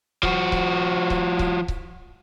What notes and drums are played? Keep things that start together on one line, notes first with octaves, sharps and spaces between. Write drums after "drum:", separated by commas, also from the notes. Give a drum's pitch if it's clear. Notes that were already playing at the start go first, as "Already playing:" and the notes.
F3 F#4, drum: kick C#1
drum: kick C#1
drum: kick C#1
drum: kick C#1
drum: kick C#1